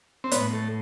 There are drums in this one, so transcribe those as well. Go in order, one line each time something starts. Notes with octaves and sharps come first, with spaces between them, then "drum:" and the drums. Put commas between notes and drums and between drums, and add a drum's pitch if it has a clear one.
C4
A2 B3, drum: hi-hat
A3